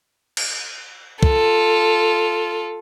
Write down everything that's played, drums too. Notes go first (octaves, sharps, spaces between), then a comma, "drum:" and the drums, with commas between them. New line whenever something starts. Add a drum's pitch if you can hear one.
drum: cymbal
F4 A4, drum: kick